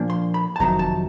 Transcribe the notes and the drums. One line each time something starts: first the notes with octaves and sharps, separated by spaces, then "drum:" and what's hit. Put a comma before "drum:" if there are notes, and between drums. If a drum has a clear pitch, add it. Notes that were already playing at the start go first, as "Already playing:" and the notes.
Already playing: A#2 F3 A#3 D4
C6
B5
A5
F2 C3 D#3 F#3 A#5, drum: kick F#1
A5